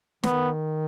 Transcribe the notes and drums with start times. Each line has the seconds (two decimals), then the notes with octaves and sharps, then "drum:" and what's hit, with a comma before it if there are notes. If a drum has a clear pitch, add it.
0.23 D#3 B3, drum: snare